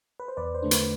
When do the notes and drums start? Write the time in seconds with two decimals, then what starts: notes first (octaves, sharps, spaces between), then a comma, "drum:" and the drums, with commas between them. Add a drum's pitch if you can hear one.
0.20 B4
0.28 C5
0.37 E2 B4 D5
0.55 C5
0.63 D3 A3 D4
0.71 B4, drum: hi-hat